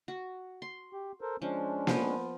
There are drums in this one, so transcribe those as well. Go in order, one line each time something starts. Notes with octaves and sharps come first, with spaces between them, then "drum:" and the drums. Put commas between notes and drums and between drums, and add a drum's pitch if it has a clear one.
F#4
C6
G4
A4 A#4 C5
F3 G#3 C#4 D4
F3 B3, drum: snare A#3